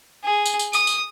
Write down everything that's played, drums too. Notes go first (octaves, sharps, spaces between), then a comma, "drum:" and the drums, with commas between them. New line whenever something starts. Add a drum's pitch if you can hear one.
G#4
drum: tambourine
drum: tambourine
D#6, drum: tambourine
drum: tambourine